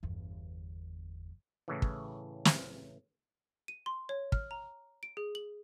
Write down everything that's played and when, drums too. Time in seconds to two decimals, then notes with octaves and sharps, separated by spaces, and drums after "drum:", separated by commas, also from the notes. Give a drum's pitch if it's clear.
0.03 G1 E2
1.68 A2 C#3 E3
1.82 drum: kick
2.45 drum: snare
3.68 D#7
3.86 C6
4.09 C#5
4.32 F6, drum: kick
4.51 A#5
5.03 D7
5.17 G#4
5.35 F#7